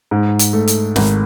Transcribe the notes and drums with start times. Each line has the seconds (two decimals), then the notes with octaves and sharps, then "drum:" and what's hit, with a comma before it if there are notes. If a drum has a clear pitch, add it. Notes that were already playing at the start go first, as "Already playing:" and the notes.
0.11 G#2
0.39 drum: hi-hat
0.53 A3
0.68 drum: hi-hat
0.96 G#1, drum: snare